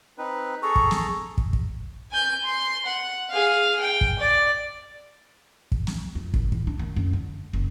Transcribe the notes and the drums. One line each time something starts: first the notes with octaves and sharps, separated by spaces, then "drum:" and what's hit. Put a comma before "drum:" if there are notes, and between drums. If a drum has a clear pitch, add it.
C4 D#4 B4
G#4 A4 A#5 C#6
drum: kick
drum: snare
drum: kick
drum: kick
G#5 G6
C6
F#5
G#4 F5
G5
drum: kick
D5
drum: kick
drum: snare
F2
G#1, drum: kick
E3, drum: kick
D4
D#3
F#2
D3
F#1